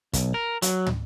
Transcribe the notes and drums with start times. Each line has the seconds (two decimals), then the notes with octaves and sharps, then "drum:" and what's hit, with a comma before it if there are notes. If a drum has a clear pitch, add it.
0.13 B1, drum: kick, hi-hat
0.34 A#4
0.62 F#3, drum: hi-hat
0.86 drum: tom